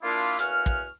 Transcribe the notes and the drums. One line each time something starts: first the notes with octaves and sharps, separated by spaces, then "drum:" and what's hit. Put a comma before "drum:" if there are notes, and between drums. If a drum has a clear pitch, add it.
A#3 D4 E4 F4
E2 A#3 C#4 F#4 F6, drum: hi-hat
drum: kick